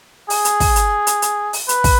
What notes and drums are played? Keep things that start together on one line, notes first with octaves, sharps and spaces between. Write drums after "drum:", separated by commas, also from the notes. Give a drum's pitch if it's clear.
G#4, drum: open hi-hat
drum: hi-hat
drum: kick, open hi-hat
drum: hi-hat
drum: hi-hat
drum: hi-hat
drum: open hi-hat
B4, drum: hi-hat
drum: kick, open hi-hat